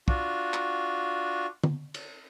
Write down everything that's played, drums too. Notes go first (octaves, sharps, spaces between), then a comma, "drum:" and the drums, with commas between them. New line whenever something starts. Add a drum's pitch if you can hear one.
D4 F4 F#4, drum: kick
drum: clap
drum: tom D3
drum: cymbal